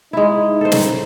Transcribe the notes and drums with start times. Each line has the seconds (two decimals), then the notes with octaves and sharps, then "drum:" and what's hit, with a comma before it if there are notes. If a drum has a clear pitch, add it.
0.13 G#3 D#4 E4
0.61 A4 C5
0.72 drum: snare